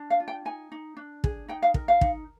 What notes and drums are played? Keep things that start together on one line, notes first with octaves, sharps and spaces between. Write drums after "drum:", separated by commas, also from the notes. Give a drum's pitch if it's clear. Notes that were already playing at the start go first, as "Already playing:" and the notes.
Already playing: D4
F5
F4
G5
D#4 G#5
D#4
D4
G#4, drum: kick
D#4 G5
F5
A#4, drum: kick
F5
D#4, drum: kick